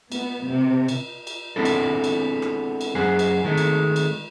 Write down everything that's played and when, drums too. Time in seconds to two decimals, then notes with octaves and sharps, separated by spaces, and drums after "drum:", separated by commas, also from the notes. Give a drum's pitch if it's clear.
0.12 B3, drum: cymbal
0.47 C3
0.88 drum: cymbal
1.27 drum: cymbal
1.56 G#3 B3 C4 D4 E4 A4
1.65 drum: cymbal
2.04 drum: cymbal
2.42 drum: rim click
2.81 drum: cymbal
2.95 F#2 G#4 C5 F#5
3.19 drum: cymbal
3.44 D#3 G#3 A3
3.58 drum: cymbal
3.96 drum: cymbal